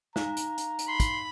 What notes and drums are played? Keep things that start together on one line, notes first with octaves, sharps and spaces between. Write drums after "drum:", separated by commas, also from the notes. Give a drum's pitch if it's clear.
D#4 F5 A#5, drum: snare
drum: hi-hat
drum: hi-hat
drum: hi-hat
B5 C6
drum: kick, hi-hat